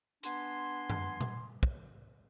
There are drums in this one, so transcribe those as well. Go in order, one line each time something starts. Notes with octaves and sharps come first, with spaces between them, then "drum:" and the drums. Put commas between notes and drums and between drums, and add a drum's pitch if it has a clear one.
B3 D4 G#5 C6, drum: hi-hat
drum: tom F#2
drum: tom A#2
drum: kick